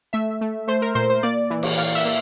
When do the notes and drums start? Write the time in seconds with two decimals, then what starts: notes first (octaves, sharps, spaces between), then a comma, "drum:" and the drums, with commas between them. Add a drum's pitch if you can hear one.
0.13 A3 E5
0.41 A3
0.68 A3 C5
0.82 A#4
0.95 A#2 C5
1.10 C5
1.23 A#3 D5
1.50 E3
1.63 drum: cymbal
1.77 A#3 F5
1.95 E5
2.05 A#3